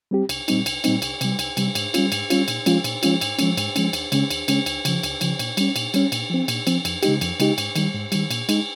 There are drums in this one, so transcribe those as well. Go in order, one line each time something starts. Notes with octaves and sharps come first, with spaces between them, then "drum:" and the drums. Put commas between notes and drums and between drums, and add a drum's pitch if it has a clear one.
G3 C4 G4
C2, drum: cymbal
A#2 G3 C4 D#4, drum: cymbal
C2, drum: cymbal
A#2 G3 C4 D#4, drum: cymbal
C2, drum: cymbal
C3 G3, drum: cymbal
C2, drum: cymbal
C3 G3, drum: cymbal
G#2, drum: cymbal
G3 C#4 F4, drum: cymbal
G#2, drum: cymbal
G3 C#4 F4, drum: cymbal
A#2, drum: cymbal
F3 G#3 C#4 F4, drum: cymbal
A#2, drum: cymbal
F3 G#3 C#4 F4, drum: cymbal
G#2, drum: cymbal
F3 G#3 C#4, drum: cymbal
G#2, drum: cymbal
F3 G#3 C#4, drum: cymbal
D#2, drum: cymbal
C#3 G#3 C#4, drum: cymbal
D#2, drum: cymbal
C#3 G#3 C#4, drum: cymbal
C#2, drum: cymbal
C#3 F3, drum: cymbal
C#2, drum: cymbal
C#3 F3, drum: cymbal
A#2, drum: cymbal
G3 C#4, drum: cymbal
A#2, drum: cymbal
G3 C#4, drum: cymbal
A#2, drum: cymbal
F3 C4
A#2, drum: cymbal
F3 C4, drum: cymbal
F2, drum: cymbal
C#3 G#3 D#4 G4, drum: cymbal
F2, drum: cymbal
C#3 G#3 D#4 G4, drum: cymbal
G#2, drum: cymbal
D#3 G3, drum: cymbal
G#2
D#3 G3, drum: cymbal
A#2, drum: cymbal
G#3 D#4, drum: cymbal